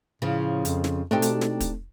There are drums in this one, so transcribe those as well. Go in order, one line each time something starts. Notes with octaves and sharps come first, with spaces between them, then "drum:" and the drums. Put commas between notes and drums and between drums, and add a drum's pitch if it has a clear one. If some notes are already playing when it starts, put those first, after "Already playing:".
A2 C#3 F3
F2, drum: hi-hat
drum: snare
B2 A3 C4 D4 D#4 G4 A4
drum: hi-hat
drum: snare
drum: kick, hi-hat